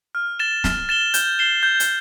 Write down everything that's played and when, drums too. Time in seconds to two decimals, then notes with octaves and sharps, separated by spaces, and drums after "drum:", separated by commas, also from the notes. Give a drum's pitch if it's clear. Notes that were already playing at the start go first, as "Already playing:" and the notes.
0.15 F6
0.39 A6 E7 G7
0.64 F6, drum: snare
0.89 A6 E7 G7
1.14 G6, drum: hi-hat
1.39 C7 E7 G7
1.63 G6
1.80 drum: hi-hat